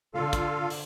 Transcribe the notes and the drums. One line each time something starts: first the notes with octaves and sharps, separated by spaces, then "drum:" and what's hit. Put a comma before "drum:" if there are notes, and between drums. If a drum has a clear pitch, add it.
D3 F4 A4 F5
drum: kick, hi-hat
drum: open hi-hat